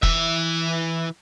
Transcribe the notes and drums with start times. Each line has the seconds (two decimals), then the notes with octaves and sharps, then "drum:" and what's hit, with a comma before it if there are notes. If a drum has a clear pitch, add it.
0.03 E3 E5, drum: kick F1